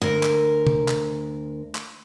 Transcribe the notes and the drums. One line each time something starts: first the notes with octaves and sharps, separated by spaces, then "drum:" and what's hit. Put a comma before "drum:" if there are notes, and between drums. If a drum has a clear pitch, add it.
D2 A#4
drum: clap
drum: tom C3
drum: clap
drum: clap